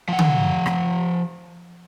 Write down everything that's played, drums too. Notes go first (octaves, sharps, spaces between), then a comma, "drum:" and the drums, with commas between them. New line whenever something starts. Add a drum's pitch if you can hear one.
F3 F#5
drum: tom D3
drum: rim click